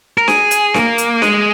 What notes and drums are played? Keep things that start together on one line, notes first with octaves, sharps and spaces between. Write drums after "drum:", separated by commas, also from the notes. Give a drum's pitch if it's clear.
A#4
G#4, drum: snare
drum: hi-hat
A#3, drum: snare
drum: hi-hat
G#3, drum: snare